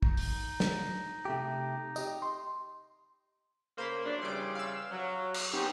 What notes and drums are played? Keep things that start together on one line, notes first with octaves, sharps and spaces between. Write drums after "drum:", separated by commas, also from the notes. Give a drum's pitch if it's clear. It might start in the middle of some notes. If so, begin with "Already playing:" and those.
D#4, drum: kick
drum: open hi-hat
drum: snare
C3 A3 G4
G4 D#5, drum: tambourine
C6
C#3 A#3 C5 B5 C6
F#3 A3 D4
C#3 E3 G3 C6 D6
F5 E6
F#3
drum: cymbal
F#2 B3 C4 D#4 G4